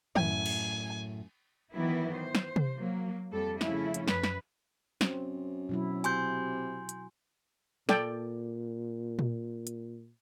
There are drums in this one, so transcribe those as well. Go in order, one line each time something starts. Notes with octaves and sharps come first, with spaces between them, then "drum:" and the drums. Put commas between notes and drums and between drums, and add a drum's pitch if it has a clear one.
F#2 A2 E4 G#5, drum: tom D#3
drum: cymbal
D#3 E3 F#3 B3 E4
C5
drum: snare
drum: tom C3
F#3 A#3
F2 G3 A4
C#3 F3 A3 C#4 E4, drum: snare
drum: hi-hat
F#2 B4, drum: snare
drum: snare
F#2 C4, drum: snare
B2 F#3 E4
C3 G#5 C6 G6, drum: hi-hat
drum: hi-hat
A#2 A4 D5 G5, drum: snare
drum: tom A#2
drum: hi-hat